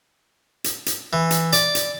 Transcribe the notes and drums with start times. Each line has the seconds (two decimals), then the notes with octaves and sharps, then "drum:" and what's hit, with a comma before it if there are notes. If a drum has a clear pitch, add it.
0.64 drum: hi-hat
0.86 drum: hi-hat
1.13 E3
1.31 drum: hi-hat
1.53 D5, drum: hi-hat
1.75 drum: hi-hat